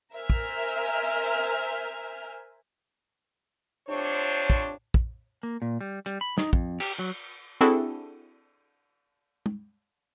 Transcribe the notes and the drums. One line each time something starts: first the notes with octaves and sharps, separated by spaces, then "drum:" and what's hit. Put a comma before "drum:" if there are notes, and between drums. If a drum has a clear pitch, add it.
A#4 C5 E5 G#5 F6
drum: kick
C3 F3 D4 C5 C#5
drum: kick
drum: kick
A#3
A#2
G3
G3, drum: hi-hat
B5
D#4, drum: snare
F2, drum: kick
G4, drum: cymbal
F#3
C4 D4 E4 F#4 G#4 A4
drum: tom